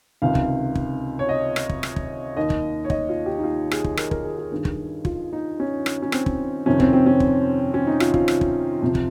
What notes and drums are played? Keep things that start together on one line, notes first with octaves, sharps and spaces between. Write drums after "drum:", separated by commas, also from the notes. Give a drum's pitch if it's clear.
C#2 C3 D#3 F5
drum: kick
drum: kick
C#5
D#5
drum: rim click
drum: kick
drum: rim click
drum: kick
D#2 D#3 D#5
drum: kick
C#5
D#5, drum: kick
F4
G4
D#4
F4
G#4, drum: rim click
drum: kick
A#4, drum: rim click
A#4, drum: kick
G#4
G#4
G2 D#3
drum: kick
F4, drum: kick
D#4
C#4
drum: rim click
C#4
C4, drum: rim click
drum: kick
F2 C3 D#3 C#4
C4, drum: kick
C4
C#4
drum: kick
C#4
D#4
F4, drum: rim click
F4, drum: kick
drum: rim click
drum: kick
F2 C3 F3
drum: kick